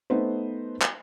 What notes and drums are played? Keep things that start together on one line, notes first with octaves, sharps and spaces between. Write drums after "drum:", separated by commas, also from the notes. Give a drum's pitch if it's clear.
A3 B3 D#4 B4 C5
drum: clap